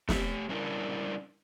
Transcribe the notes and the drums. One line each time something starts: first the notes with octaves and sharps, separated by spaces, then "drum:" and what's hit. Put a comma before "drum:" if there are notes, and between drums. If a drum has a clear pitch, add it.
A3 G4, drum: snare
G3 C#4 D4 E4 A#4